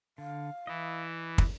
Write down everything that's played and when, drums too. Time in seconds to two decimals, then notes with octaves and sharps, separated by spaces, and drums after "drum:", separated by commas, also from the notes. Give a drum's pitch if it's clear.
0.18 D3 F5
0.67 E3 E4 D#5
1.38 drum: kick